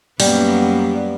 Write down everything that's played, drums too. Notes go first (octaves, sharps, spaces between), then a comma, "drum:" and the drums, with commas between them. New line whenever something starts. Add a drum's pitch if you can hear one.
F#2 G3 A#3 B3, drum: open hi-hat